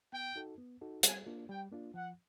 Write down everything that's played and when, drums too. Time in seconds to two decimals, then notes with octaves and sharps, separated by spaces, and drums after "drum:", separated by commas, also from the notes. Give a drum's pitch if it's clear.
0.13 B3 G5
0.36 D#4 F#4 A4
0.58 B3
0.81 D#4 F#4 A4
1.03 G3 G#5, drum: hi-hat
1.26 A#3 D4 F4
1.49 G3 G5
1.71 A#3 D4 F4
1.94 F3 F#5